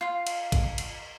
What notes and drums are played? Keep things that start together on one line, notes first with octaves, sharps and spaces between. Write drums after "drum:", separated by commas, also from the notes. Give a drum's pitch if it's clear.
F4 F5
drum: cymbal
drum: kick A1, cymbal
drum: cymbal